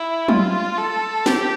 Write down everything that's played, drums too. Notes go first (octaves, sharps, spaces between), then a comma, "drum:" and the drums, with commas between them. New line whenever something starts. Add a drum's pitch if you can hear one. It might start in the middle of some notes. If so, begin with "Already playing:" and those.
Already playing: E4
F4, drum: tom F#3
A4
G4, drum: snare